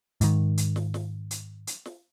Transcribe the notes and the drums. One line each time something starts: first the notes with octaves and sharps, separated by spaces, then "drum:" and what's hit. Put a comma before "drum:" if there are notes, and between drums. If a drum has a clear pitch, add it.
G#2 D#3, drum: hi-hat
drum: hi-hat
drum: snare
drum: snare
drum: hi-hat
drum: hi-hat
drum: snare